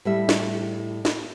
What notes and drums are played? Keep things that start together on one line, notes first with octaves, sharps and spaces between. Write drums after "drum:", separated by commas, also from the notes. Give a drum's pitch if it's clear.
A2 G3 E5
drum: snare
drum: snare